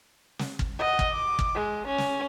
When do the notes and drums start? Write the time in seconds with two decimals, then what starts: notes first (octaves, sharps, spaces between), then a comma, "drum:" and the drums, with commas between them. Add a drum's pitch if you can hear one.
0.39 drum: snare
0.59 drum: kick
0.79 D#5 F#5
0.99 drum: kick
1.12 D6
1.39 drum: kick
1.55 G#3
1.87 C#4
1.98 drum: snare